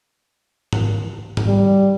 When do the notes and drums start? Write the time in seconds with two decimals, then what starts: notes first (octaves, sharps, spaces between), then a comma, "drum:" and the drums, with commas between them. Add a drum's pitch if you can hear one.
0.73 drum: tom G#2
1.37 drum: tom G#2
1.47 G3